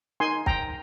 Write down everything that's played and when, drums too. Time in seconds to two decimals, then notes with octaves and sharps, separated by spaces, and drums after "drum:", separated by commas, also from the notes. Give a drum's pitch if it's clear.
0.20 D#4 A#4 G#5 C6
0.46 G5 A#5, drum: kick